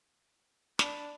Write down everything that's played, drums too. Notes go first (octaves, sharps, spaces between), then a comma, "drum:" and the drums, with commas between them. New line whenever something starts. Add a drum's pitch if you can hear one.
D4 B5, drum: snare